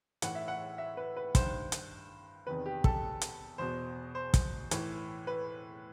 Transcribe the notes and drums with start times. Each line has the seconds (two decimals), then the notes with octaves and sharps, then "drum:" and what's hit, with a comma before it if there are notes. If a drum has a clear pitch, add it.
0.22 A2 E3 F#5, drum: hi-hat
0.35 E5
0.48 F#5
0.78 E5
0.97 B4
1.17 B4
1.35 G2 D#3 C5, drum: kick, hi-hat
1.72 drum: hi-hat
2.47 E2 C3 D#3 B4
2.66 G4
2.84 A4, drum: kick
3.21 drum: hi-hat
3.58 E2 B2 C5
4.15 C5
4.34 drum: kick, hi-hat
4.71 A2 E3, drum: hi-hat
5.27 B4